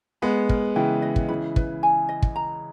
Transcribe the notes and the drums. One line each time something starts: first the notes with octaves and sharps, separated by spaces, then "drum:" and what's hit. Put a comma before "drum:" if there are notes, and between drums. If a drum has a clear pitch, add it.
G#3 B3 B5
A#4, drum: kick
C#3 E3 G5
D#5
drum: kick
C#3 E3 B5
B4, drum: kick
G#5
D#5
drum: kick
A#5